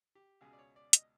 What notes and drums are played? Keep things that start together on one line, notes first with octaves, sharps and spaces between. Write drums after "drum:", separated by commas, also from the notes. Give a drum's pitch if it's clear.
G4
C#2 B2 G#3 G#4
D5
C#5
D5
D#5, drum: hi-hat